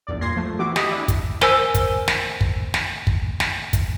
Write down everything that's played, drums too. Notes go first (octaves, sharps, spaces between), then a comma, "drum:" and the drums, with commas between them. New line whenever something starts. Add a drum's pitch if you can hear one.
A#1 E2 D5
G1 A#2 C6 G#6 A#6 C7
F3 A3
E3 B3 E4 F#4 D6
G4 D#5 B5 D6 D#6, drum: snare
D4 E4
drum: kick, hi-hat
A#4 C5 G#5 E6, drum: snare
drum: kick, hi-hat
drum: snare
drum: kick
drum: snare
drum: kick
drum: snare
drum: kick, hi-hat